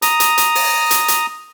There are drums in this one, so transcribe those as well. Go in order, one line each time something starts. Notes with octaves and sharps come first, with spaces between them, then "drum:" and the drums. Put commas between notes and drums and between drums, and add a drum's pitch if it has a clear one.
A#5 D#6, drum: hi-hat
drum: hi-hat
drum: hi-hat
drum: open hi-hat
drum: hi-hat
drum: hi-hat